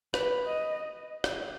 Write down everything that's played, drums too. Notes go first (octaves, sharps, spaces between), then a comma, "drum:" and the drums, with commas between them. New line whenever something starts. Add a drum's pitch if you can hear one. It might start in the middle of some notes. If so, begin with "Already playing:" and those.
B4, drum: rim click
D#5
drum: rim click